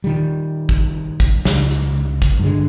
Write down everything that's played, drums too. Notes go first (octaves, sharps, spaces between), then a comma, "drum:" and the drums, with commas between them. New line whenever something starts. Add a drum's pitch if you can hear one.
D#3 G3
drum: kick
drum: kick, hi-hat
C#2, drum: snare
drum: hi-hat
drum: kick, hi-hat
G2 D3 G#3